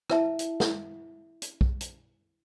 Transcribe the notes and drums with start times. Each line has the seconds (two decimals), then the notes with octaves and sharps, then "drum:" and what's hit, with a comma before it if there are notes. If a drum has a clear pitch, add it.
0.10 E4 E5 A5, drum: rim click
0.39 drum: hi-hat
0.60 drum: snare
1.42 drum: hi-hat
1.61 drum: kick B1
1.81 drum: hi-hat